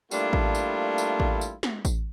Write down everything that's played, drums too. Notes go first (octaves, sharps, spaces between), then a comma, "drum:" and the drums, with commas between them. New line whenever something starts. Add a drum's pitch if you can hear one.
G3 A3 A#3 D4 E4 F4, drum: tambourine
drum: kick A1
drum: tambourine
drum: tambourine
drum: kick A1
drum: tambourine
drum: snare
drum: kick A1, tambourine